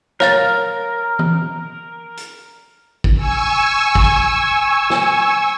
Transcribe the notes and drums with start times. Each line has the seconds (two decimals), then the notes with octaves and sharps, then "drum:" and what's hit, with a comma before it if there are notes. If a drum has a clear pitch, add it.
0.20 A#4 C#5 F5 A6, drum: snare
1.19 drum: tom E3
2.17 drum: hi-hat
3.04 drum: kick
3.16 G#5 C#6 E6
3.95 drum: kick
4.90 drum: snare